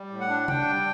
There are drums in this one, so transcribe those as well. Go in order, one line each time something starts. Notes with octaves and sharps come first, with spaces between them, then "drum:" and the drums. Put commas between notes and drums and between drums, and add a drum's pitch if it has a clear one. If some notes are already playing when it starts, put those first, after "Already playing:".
Already playing: G3
A2
F#5
D4
D4 G5, drum: tom
G3